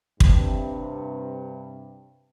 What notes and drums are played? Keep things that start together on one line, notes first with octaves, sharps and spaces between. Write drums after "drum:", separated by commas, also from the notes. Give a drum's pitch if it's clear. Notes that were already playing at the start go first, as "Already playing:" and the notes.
G2 C3, drum: kick